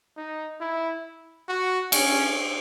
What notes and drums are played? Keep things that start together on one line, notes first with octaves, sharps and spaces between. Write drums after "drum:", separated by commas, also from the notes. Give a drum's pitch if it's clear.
D#4
E4
F#4
C#4, drum: cymbal